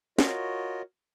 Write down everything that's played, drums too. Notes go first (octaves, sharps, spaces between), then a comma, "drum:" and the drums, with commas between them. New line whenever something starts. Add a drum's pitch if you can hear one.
F4 F#4 A#4 C#5 D#5, drum: snare